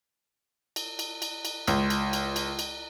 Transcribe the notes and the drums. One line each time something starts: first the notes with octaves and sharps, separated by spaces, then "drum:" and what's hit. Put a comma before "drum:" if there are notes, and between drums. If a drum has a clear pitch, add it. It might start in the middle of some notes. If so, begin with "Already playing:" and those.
drum: cymbal
drum: cymbal
drum: cymbal
drum: cymbal
C#2, drum: cymbal
drum: cymbal
drum: cymbal
drum: cymbal
drum: cymbal